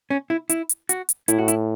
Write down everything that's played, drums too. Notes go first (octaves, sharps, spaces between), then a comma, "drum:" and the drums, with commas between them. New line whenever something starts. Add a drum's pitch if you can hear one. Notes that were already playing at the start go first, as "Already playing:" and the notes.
C#4
E4
E4, drum: hi-hat
drum: hi-hat
F#4, drum: hi-hat
drum: hi-hat
A2 E4, drum: hi-hat
F#4
E4, drum: hi-hat